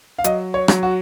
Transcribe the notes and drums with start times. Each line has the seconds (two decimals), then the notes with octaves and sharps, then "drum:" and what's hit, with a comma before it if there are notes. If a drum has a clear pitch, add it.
0.18 F5
0.24 F#3 D#5, drum: hi-hat
0.54 C#5
0.68 F#3, drum: rim click
0.83 F#4